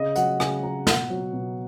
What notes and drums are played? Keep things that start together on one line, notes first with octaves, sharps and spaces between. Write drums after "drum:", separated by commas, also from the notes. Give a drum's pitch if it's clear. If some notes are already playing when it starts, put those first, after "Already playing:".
Already playing: C#3 D#5
F#3 F#5, drum: hi-hat
C#3 G#5, drum: rim click
F#3 A#5
B2 F#5, drum: snare
F#3
B2